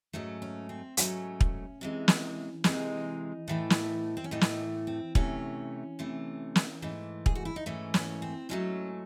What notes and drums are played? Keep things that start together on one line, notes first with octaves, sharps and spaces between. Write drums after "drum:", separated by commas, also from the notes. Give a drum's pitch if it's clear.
G#2 F#3 A3 C#4
C#4
C4
G#2 F#3 A3 C#4, drum: hi-hat
drum: kick
C3 E3 G#3
drum: snare
C3 E3 G#3 D#4, drum: snare
A2 E3 A3
drum: snare
C4
C#4
A2 E3 A3 D#4
drum: snare
C4
C3 E3 A3 C#4, drum: kick
C3 E3 A3
drum: snare
G#2 E3 A3
G#4, drum: kick
F#4
E4
D#4
G#2 E3 A3 C#4
C#4, drum: snare
C4
G#2 F#3 A3 C#4